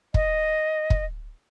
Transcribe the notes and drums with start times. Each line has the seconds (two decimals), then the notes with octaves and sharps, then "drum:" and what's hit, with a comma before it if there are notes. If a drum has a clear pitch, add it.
0.14 D#5, drum: kick
0.90 drum: kick